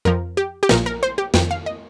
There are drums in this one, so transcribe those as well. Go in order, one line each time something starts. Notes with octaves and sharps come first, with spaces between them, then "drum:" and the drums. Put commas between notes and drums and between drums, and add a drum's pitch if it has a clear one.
F2 F3 A#4
G4
G4
A#1 A#2 F3 A#4, drum: snare
A#4
C5
G4
F2 D#3 G5, drum: snare
F5
D#5